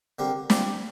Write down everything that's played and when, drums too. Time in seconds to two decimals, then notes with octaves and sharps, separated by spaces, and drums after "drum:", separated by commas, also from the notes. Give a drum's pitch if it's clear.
0.19 D3 G3 C4 G4 A#4
0.50 F3 C4 G4 D5, drum: snare